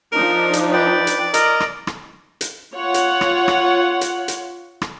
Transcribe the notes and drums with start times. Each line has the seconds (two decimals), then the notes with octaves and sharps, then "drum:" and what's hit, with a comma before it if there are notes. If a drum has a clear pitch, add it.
0.12 F3 D4 D#4 A#4
0.53 drum: hi-hat
0.73 B4 D5 G5
1.07 drum: hi-hat
1.34 A#4 D#5 A#5, drum: hi-hat
1.60 drum: rim click
1.87 drum: rim click
2.41 drum: hi-hat
2.74 F4 C#5 F#5
2.94 drum: hi-hat
3.21 drum: rim click
3.48 drum: rim click
4.01 drum: hi-hat
4.28 drum: hi-hat
4.82 drum: rim click